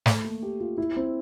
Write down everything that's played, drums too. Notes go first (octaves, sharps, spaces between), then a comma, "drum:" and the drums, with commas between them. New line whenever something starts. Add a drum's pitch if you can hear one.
A3, drum: snare
A#3
G4
F4
E4
C4